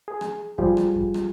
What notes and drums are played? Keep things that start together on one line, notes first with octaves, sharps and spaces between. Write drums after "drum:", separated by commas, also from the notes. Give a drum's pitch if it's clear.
G#4
drum: rim click
F3 G3 F4 G4 G#4, drum: kick
drum: rim click
drum: kick
drum: rim click